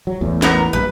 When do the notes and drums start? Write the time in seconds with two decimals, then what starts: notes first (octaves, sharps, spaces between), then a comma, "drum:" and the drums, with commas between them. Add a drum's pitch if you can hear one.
0.07 F#3
0.21 A1 E2 A2
0.42 B3 A#4 A#5, drum: snare
0.73 A#1 G2 B4